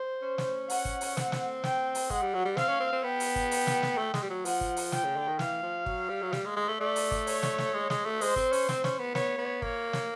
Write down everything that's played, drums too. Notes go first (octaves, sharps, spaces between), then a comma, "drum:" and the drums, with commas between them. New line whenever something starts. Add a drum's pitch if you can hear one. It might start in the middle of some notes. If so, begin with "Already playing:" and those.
Already playing: C5
C#4
drum: snare
F#5, drum: open hi-hat
drum: kick
drum: open hi-hat
C4, drum: snare
drum: snare
G5, drum: snare
drum: open hi-hat
G#3 F#5, drum: kick
G3
F#3
G3
C4 F5, drum: snare
C#4
C4
C4
B3 G5
drum: open hi-hat
drum: kick
drum: open hi-hat
drum: snare
drum: snare
A3
G#3, drum: snare
G3
F#3
F3 F#5, drum: open hi-hat
drum: kick
drum: open hi-hat
G5, drum: snare
C#3
D3
D#3
E3 F5, drum: snare
F3
F#3, drum: kick
G3
F#3
G3, drum: snare
G#3
G#3
A3
A3 D5
drum: open hi-hat
drum: kick
C#5, drum: open hi-hat
drum: snare
drum: snare
G#3
G#3, drum: snare
A3
G#3 C5, drum: open hi-hat
C4, drum: kick
C#4, drum: open hi-hat
C4, drum: snare
C#4, drum: snare
B3
B3 C#5, drum: snare
B3
A#3 C#5, drum: kick
drum: snare